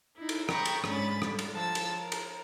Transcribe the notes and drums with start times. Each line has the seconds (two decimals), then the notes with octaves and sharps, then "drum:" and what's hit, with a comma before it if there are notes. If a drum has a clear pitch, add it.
0.16 D#4 E4
0.29 drum: cymbal
0.49 G5 A#5 B5 C#6 D#6 G6, drum: rim click
0.65 drum: cymbal
0.84 G#2 D3 G#3 C#4 B5 A6, drum: rim click
1.22 D3 G3, drum: rim click
1.39 drum: cymbal
1.54 F3 A5 E6
1.75 drum: cymbal
1.98 A#4
2.12 drum: cymbal